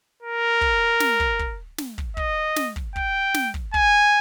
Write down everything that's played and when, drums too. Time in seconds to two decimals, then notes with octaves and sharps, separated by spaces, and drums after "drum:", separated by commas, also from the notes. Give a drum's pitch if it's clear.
0.23 A#4
0.61 drum: kick
1.00 drum: snare
1.20 drum: kick
1.39 drum: kick
1.78 drum: snare
1.98 drum: kick
2.17 D#5, drum: kick
2.56 drum: snare
2.76 drum: kick
2.96 G5, drum: kick
3.34 drum: snare
3.54 drum: kick
3.74 G#5, drum: kick